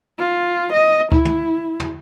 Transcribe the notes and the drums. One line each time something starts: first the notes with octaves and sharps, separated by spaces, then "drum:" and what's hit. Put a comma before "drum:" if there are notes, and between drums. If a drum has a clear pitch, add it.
F4
D#5
E4, drum: kick C#2
drum: tom
drum: tom